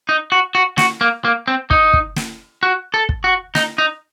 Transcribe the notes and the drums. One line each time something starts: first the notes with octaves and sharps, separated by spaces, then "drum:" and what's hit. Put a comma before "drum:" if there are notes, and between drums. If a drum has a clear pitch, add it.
D#4
F#4
F#4
F#4, drum: snare
A#3
A#3
C4
D#4, drum: kick
drum: kick
drum: snare
F#4
A4
drum: kick
F#4
D#4, drum: snare
D#4